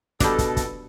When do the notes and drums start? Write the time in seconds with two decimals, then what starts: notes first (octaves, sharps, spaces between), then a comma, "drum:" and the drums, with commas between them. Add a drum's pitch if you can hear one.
0.20 B2 G3 D4 A4, drum: kick, hi-hat
0.38 drum: kick, hi-hat
0.57 drum: kick, hi-hat